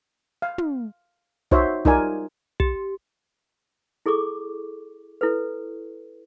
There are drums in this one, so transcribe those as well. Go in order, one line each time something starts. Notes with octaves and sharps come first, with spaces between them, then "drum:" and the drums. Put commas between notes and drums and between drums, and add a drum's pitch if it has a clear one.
F5
drum: tom
D#4 F#4 C5 C#5 E5, drum: kick
G3 D#4 F4 A#4 D5 G#5, drum: kick
G4, drum: kick
E4 G#4 A4 C#6 D6
E4 A4 B4